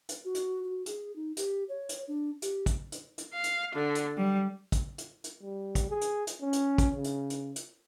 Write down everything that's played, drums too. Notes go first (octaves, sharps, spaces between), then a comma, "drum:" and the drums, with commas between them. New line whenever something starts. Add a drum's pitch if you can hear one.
drum: hi-hat
F#4
drum: hi-hat
F#4
G#4, drum: hi-hat
D#4
G4, drum: hi-hat
C#5
drum: hi-hat
D4
G4, drum: hi-hat
drum: kick, hi-hat
drum: hi-hat
drum: hi-hat
F5
drum: hi-hat
D3
drum: hi-hat
G3
drum: kick, hi-hat
drum: hi-hat
drum: hi-hat
G3
drum: kick, hi-hat
G#4
drum: hi-hat
drum: hi-hat
C#4
drum: hi-hat
drum: kick, hi-hat
C#3
drum: hi-hat
drum: hi-hat
drum: hi-hat